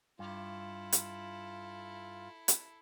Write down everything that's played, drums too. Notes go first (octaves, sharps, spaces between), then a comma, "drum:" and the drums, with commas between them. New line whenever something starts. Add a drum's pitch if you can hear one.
G2 E4 F4 A4
drum: hi-hat
drum: hi-hat